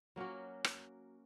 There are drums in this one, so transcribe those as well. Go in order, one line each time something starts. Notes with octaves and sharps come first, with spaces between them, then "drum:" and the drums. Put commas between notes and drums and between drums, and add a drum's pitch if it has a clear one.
F#3 A#3 C#4 F#4
drum: rim click